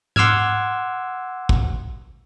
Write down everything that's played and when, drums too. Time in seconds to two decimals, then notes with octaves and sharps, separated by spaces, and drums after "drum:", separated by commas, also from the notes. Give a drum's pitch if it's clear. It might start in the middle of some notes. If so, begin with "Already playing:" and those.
0.16 F#5 C6 D6 E6 F6 G#6, drum: tom G#2
1.49 drum: kick